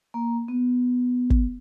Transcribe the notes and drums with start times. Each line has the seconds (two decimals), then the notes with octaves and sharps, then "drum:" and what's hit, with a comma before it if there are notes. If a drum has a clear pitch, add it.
0.14 A#3
0.48 B3
1.30 drum: kick